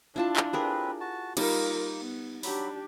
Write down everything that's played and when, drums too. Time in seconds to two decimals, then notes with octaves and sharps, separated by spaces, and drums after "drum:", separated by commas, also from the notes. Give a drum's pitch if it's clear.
0.16 D4 E4 F4 A5
0.36 drum: clap
0.53 C4 G4 G#4 A#4 B4
1.00 F#4 A5
1.37 G3 A#3 D#4 F4 A#4, drum: cymbal
2.01 B3
2.43 F#3 D4 G4 B5, drum: open hi-hat